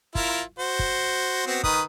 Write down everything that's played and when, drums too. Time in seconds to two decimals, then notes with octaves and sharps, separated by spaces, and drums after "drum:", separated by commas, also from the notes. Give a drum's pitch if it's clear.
0.15 E4 F4 A#4, drum: kick
0.59 F#4 C5
0.79 drum: kick
1.46 B3 C4 F#4
1.63 D#3 B4 D#6, drum: kick